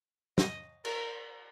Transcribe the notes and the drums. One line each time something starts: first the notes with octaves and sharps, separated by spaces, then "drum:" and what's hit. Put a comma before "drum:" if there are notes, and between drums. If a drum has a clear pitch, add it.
D#5, drum: snare
A#4, drum: cymbal